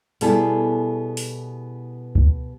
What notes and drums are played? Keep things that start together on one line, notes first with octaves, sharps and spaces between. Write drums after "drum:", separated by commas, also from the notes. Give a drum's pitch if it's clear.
B2 G3 B3 E4 G#4 A4, drum: open hi-hat
drum: open hi-hat
drum: kick